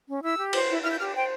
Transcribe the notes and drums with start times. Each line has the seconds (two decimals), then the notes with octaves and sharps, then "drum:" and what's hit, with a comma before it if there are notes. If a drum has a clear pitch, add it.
0.08 C#4
0.23 E4 E6
0.39 G4
0.53 C5, drum: cymbal
0.69 E4
0.83 E4 F6
0.91 G6
0.99 G4 F6
1.15 C5 G5